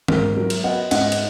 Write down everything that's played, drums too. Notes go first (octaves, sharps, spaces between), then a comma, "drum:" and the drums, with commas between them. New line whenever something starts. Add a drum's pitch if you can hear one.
G#2 A#4, drum: tom
F#3 A#4
drum: cymbal
B3 D#5 F#5
G#2 D#5 F#5, drum: cymbal
drum: cymbal